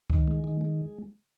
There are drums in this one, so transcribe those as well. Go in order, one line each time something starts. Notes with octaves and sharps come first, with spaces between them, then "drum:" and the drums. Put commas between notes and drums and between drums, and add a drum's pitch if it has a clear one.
D#3, drum: kick C#2
G#3
D#3
G#3